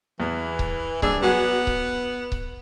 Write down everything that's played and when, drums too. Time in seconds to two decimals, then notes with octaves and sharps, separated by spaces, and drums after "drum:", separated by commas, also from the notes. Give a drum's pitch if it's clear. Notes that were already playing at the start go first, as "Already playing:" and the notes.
0.20 E2 E3
0.59 drum: kick C#1
1.02 C2 D4 G#4 E6, drum: kick C#1
1.23 F#3 B3 F#4 G#5
1.67 drum: kick C#1
2.32 drum: kick C#1